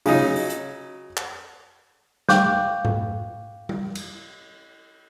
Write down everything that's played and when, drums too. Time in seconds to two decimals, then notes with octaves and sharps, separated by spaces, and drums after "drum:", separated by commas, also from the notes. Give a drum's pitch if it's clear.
0.06 C#3 F#3 D#4, drum: open hi-hat
0.36 drum: open hi-hat
0.50 drum: hi-hat
1.17 drum: clap
2.29 F5 G5 C#6 D6 F#6 G6, drum: snare
2.85 drum: tom G#2
3.69 drum: tom G3
3.95 drum: cymbal